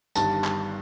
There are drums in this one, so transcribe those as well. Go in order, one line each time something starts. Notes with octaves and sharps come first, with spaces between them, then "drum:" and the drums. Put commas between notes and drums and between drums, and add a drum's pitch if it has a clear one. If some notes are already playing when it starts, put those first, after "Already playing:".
G1 G2 D#3 G3 A5, drum: tambourine
drum: clap